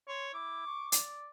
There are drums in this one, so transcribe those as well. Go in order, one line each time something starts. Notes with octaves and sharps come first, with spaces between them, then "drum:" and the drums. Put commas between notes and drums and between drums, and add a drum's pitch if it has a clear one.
C#5 C6
E4 D6
C#6
D5, drum: hi-hat